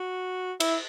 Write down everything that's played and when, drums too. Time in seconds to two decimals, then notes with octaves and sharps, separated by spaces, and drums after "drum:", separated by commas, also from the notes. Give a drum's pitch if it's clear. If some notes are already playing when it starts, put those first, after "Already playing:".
Already playing: F#4
0.60 E4, drum: cymbal